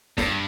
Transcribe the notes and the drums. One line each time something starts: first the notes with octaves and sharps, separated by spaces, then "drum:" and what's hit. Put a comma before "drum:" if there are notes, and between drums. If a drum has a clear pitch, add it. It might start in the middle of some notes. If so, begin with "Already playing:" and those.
G2, drum: snare